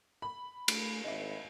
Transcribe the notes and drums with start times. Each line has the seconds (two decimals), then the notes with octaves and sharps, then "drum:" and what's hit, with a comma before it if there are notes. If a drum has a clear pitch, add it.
0.22 B5
0.68 A3, drum: cymbal
1.04 G#1 D#5 E5